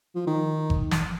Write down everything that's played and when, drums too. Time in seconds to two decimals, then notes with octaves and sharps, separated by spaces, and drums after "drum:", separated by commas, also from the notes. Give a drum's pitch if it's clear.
0.15 F3
0.27 D#3
0.70 drum: kick G1
0.91 drum: snare